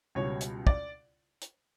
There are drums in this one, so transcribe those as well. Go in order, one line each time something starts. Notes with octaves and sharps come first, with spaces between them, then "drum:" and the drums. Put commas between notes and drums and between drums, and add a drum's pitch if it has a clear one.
C#2 B2 G3 C#5
drum: hi-hat
D5, drum: kick
drum: hi-hat